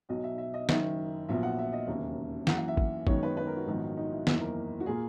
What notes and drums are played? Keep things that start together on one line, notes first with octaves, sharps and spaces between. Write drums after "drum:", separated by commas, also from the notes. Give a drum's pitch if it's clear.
B1 B2 F#3 D#5
E5
E5
D#5
F#1 F#2 D#3 E5, drum: snare
A#1 A#2 F#3 B3 E5
F#5
E5
D#5
E1 D#2 C#3 F#3 A#3 E5
F#2 E3 A#3 F#5, drum: snare
F#5
E5
drum: kick
F#2 D#3 G#3 B3 C#5, drum: kick
B4
B4
A#4
F#4
A#1 G#2 D#3 F#3 B3
D#4
E4
F#1 E2 D#3 A#3 E4, drum: snare
A#4
F#4
A#2 A#3 G#4